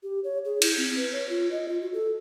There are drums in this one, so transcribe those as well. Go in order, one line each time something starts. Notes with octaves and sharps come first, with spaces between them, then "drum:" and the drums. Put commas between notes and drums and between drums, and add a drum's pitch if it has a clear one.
G4
C#5
G#4
E4, drum: cymbal
C4
B4
C#5
F4
D#5
F4
F#4
A4